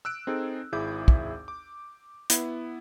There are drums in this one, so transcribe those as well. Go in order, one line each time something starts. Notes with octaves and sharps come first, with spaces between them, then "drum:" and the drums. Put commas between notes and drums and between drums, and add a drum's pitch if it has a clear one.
E6 F#6 D7
C4 D#4 G#4 A4
G#1 E4 G#4 E5 D6 G6
drum: kick
D6
B3 E4, drum: hi-hat